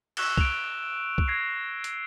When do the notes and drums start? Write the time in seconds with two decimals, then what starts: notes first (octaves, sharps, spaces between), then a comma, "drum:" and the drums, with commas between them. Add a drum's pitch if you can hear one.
0.17 C#6 E6 F#6 E7 G7, drum: cymbal
0.38 D7 F7, drum: kick
1.18 drum: kick
1.28 G#6 A#6 C7
1.84 drum: hi-hat